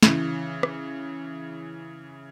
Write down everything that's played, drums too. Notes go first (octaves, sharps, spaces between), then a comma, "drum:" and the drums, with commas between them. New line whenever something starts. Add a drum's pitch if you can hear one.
C#3 E3, drum: snare
drum: rim click